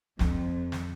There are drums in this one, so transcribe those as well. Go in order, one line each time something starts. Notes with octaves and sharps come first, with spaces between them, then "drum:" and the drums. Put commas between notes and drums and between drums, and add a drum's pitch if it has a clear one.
F2 F3 C4, drum: snare
drum: snare